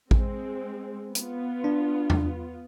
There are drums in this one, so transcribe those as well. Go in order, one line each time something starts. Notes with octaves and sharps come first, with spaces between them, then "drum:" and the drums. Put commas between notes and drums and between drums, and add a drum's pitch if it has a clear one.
G#3 C4, drum: kick A1
B3 F4, drum: hi-hat
D4
drum: tom E2